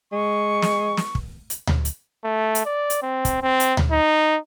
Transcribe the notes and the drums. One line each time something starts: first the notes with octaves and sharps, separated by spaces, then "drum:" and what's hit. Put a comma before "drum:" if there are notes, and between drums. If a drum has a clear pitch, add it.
G#3 C#6
drum: snare
drum: snare
drum: kick
drum: hi-hat
drum: tom D2
drum: hi-hat
A3
drum: hi-hat
D5
drum: hi-hat
C4
drum: kick, hi-hat
C4
drum: hi-hat
drum: tom D2
D#4